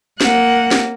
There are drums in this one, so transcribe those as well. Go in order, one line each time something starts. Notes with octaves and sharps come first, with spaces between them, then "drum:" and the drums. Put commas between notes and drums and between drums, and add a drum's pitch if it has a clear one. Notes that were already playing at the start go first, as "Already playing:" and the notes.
A#3 F#5, drum: snare
drum: snare